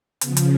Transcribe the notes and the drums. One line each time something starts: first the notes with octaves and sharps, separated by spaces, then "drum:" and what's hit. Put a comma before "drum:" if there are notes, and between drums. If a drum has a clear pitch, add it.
C#3 F3 B3, drum: hi-hat
drum: hi-hat